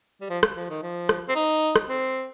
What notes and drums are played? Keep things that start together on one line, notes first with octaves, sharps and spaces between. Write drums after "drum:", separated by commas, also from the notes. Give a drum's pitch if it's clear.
G3
F3
drum: rim click
F3
D#3
F3
drum: rim click
C4
D#4
drum: rim click
C4